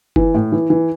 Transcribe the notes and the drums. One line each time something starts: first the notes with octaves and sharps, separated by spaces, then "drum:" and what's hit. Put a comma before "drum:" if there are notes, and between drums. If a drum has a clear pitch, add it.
E3, drum: kick F#1
A2
E3
E3